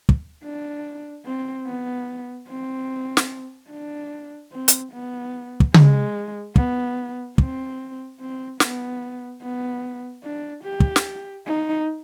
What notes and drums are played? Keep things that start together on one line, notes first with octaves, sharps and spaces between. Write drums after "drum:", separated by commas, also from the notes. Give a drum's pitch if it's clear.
drum: kick
D4
C4
B3
C4
drum: snare
D4
C4
drum: hi-hat
B3
drum: kick
G#3, drum: tom C#3
B3, drum: kick
C4, drum: kick
C4
B3, drum: snare
B3
D4
G4
drum: kick
drum: snare
D#4